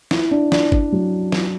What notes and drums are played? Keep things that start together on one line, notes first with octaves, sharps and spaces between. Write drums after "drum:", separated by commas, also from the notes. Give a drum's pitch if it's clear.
E4, drum: snare
D4
D4, drum: snare
D4, drum: kick G1
F#3
drum: snare